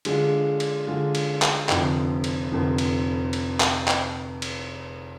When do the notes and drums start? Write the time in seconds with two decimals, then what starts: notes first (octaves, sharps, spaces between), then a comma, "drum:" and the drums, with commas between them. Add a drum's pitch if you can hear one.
0.05 D3 G#3 D4 F4, drum: cymbal
0.60 drum: cymbal
0.87 D3 G#3 D4 F4
1.15 drum: cymbal
1.42 drum: clap
1.69 F1 F2 D3 F3, drum: clap
2.24 drum: cymbal
2.52 F1 F2 D3 F3
2.78 drum: cymbal
3.33 drum: cymbal
3.60 drum: clap
3.88 drum: clap
4.42 drum: cymbal